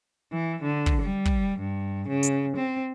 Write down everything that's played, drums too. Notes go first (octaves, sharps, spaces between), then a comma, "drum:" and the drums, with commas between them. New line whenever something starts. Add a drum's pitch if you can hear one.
E3
D3
drum: kick
G3
drum: kick
G2
C#3
drum: hi-hat
C4